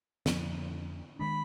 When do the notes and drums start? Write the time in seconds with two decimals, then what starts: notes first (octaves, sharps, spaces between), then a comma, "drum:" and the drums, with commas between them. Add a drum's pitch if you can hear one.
0.26 F2 D3 F3 A#3, drum: snare
1.19 D#3 G#3 D4 B5